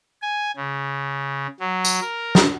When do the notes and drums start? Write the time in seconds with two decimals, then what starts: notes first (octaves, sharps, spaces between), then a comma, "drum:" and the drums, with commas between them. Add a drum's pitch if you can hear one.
0.22 G#5
0.56 C#3
1.60 F#3
1.85 drum: tambourine
2.01 A#4
2.35 drum: snare